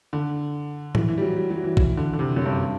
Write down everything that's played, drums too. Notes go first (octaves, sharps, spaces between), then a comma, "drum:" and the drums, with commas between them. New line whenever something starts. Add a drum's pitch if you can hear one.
D3
E3, drum: tom A2
E3
G3
F#3
G3
F#3
E3
E3, drum: kick
D3
D3
C3
F#2
G2